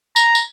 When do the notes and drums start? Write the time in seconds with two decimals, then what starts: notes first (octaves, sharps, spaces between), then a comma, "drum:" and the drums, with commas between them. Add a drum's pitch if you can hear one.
0.16 A#5, drum: tambourine
0.35 drum: tambourine